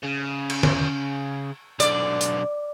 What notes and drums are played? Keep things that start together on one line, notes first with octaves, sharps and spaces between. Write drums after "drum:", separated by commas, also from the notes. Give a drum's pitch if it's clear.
C#3
drum: cymbal
drum: tom D3
B1 D3 D5, drum: hi-hat
drum: hi-hat